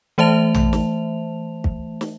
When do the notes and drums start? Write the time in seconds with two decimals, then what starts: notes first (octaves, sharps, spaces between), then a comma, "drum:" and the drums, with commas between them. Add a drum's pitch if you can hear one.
0.18 E3 A3 C5 E5 A5 F7
0.54 drum: tom A#1
0.73 drum: snare
1.64 drum: kick
2.01 drum: snare